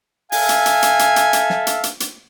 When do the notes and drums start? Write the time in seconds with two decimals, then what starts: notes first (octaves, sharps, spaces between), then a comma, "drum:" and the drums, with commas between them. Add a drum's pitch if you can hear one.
0.32 A4 E5 F5 G#5, drum: open hi-hat
0.49 drum: hi-hat
0.66 drum: hi-hat
0.82 drum: hi-hat
0.99 drum: hi-hat
1.16 drum: hi-hat
1.33 drum: hi-hat
1.50 drum: snare
1.67 drum: hi-hat
1.83 drum: hi-hat
2.00 drum: hi-hat